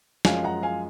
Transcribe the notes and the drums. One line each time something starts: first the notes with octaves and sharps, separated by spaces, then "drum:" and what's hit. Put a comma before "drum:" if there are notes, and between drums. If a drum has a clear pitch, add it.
F#2 F3 G#3 F5 G#5, drum: snare
F#5 A#5
F5 G#5